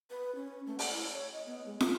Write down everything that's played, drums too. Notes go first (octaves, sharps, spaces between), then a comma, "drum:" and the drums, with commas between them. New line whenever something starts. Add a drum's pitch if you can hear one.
B4
C#4
A3
F#5, drum: open hi-hat
E4
C#5
D#5
B3
G#3
A3, drum: snare